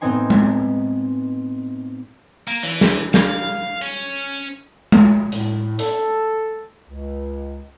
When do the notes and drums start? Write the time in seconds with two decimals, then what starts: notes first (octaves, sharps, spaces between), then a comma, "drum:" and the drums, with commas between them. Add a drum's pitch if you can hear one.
0.01 A2 B3 C4 D#4 G#5 C6
0.30 drum: tom G#3
2.48 A#3
2.63 E3, drum: hi-hat
2.81 drum: snare
3.14 F5, drum: snare
3.82 C#4
4.92 drum: tom G#3
5.32 A2, drum: hi-hat
5.79 A4, drum: hi-hat
6.89 C#2